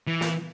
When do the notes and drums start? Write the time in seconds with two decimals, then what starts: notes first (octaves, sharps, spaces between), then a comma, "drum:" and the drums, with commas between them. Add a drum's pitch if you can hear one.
0.07 E3
0.21 drum: snare